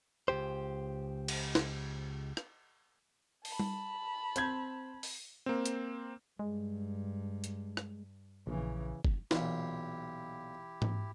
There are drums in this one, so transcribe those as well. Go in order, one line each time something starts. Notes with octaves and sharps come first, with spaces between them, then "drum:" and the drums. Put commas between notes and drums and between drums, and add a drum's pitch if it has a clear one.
C#2 G2 G4 C5
drum: cymbal
drum: snare
drum: rim click
A5 B5, drum: open hi-hat
drum: tom G3
C4 G6 G#6, drum: hi-hat
drum: open hi-hat
A#3 C4
drum: hi-hat
G2 G#3
drum: hi-hat
drum: rim click
A#1 C#3 E3
drum: kick
B1 A#2 E3 E4 G4, drum: snare
drum: tom G#2